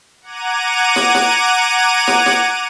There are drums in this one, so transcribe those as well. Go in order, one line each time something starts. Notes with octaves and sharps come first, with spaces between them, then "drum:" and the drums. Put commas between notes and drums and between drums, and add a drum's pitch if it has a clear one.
F#5 A#5 D6 G#6 D#7
drum: snare
drum: snare
drum: snare
drum: snare